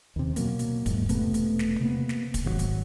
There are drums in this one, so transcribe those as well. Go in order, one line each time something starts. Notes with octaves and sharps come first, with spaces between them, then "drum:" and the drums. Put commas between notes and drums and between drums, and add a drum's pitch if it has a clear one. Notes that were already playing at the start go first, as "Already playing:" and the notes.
D#2 C3
B2 F#3 A#3, drum: hi-hat
drum: hi-hat
E2 G#2, drum: kick, hi-hat
E1 C3 A3 B3, drum: hi-hat
drum: hi-hat
drum: snare
C3 A#3 B3
drum: snare
drum: kick, hi-hat
G#1 C3 F#3
drum: hi-hat